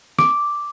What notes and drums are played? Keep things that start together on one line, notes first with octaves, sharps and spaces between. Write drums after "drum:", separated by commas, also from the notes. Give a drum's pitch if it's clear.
D6, drum: snare